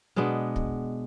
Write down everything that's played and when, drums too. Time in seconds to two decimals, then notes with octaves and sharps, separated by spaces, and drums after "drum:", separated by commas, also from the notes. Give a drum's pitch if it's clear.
0.16 B2 G#3 B3 D4
0.56 drum: kick